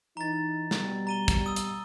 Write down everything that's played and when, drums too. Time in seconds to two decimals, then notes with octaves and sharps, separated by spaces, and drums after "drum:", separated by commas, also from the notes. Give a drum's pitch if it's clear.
0.17 E3 D#4 A#5 A6
0.71 B2 G3, drum: snare
1.07 A#5 D#7 G7
1.28 drum: kick, hi-hat
1.46 D#6 E6
1.56 drum: hi-hat